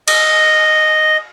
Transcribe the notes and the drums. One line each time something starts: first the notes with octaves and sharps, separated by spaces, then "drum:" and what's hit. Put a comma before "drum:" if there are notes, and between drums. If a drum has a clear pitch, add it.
D#5, drum: cymbal